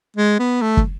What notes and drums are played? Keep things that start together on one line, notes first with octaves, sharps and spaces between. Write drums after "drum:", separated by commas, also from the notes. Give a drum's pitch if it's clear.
G#3
B3
A3
drum: kick